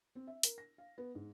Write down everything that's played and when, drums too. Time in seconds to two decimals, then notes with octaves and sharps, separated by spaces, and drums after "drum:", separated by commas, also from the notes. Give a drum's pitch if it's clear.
0.15 C4
0.27 E5
0.43 A#4, drum: hi-hat
0.58 A#6
0.78 F5
0.98 B3
1.15 G#2